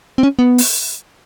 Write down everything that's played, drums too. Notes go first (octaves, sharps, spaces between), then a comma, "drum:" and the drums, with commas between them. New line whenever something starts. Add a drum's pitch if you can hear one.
C4
C#4
B3
drum: open hi-hat